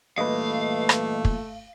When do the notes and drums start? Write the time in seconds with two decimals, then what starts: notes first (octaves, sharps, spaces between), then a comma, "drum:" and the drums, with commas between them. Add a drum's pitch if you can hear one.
0.18 E2 G2 A#2 A3 B4 D#5 F5
0.89 drum: rim click
1.25 drum: kick